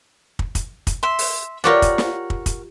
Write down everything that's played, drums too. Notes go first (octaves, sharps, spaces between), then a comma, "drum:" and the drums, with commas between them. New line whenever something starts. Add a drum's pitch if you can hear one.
drum: kick
drum: kick, hi-hat
drum: kick, hi-hat
E5 C6
drum: open hi-hat
F4 G4 A#4 C#5 D5 F#5
drum: kick, hi-hat
drum: snare
drum: kick
drum: kick, hi-hat